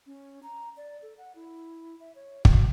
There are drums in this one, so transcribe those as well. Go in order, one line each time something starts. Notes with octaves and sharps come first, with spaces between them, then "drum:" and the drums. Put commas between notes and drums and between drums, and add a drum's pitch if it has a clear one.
C#4
A#5
D5
A4
F#5
E4
E5
C#5
F#4, drum: kick